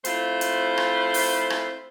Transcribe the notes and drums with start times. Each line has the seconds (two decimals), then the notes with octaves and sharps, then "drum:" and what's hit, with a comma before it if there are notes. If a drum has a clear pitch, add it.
0.05 A3 C4 E4 F4 C5, drum: hi-hat
0.41 drum: hi-hat
0.78 drum: rim click
1.14 drum: open hi-hat
1.50 drum: rim click